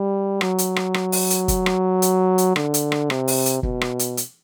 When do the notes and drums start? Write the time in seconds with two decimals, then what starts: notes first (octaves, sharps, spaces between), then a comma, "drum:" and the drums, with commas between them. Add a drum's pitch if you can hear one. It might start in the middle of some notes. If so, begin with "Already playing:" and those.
Already playing: G3
0.41 F#3, drum: rim click
0.58 drum: hi-hat
0.76 drum: rim click
0.94 drum: rim click
1.12 drum: open hi-hat
1.30 drum: hi-hat
1.48 drum: kick, hi-hat
1.66 drum: rim click
2.02 drum: hi-hat
2.38 drum: hi-hat
2.56 D3, drum: rim click
2.74 drum: hi-hat
2.92 drum: rim click
3.10 C3, drum: rim click
3.28 drum: open hi-hat
3.46 drum: hi-hat
3.63 B2, drum: kick
3.81 drum: rim click
3.99 drum: hi-hat
4.17 drum: hi-hat